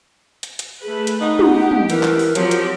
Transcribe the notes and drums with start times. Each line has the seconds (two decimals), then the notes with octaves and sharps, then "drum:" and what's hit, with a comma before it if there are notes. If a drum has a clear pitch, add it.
0.43 drum: hi-hat
0.59 drum: hi-hat
0.82 A3 G#4 B4
1.07 drum: hi-hat
1.21 D#4 F#5
1.39 drum: tom
1.52 G4
1.71 drum: tom
1.90 E3 A#4, drum: hi-hat
2.03 drum: clap
2.19 drum: open hi-hat
2.35 F3 F#3 C4 G4, drum: hi-hat
2.51 drum: hi-hat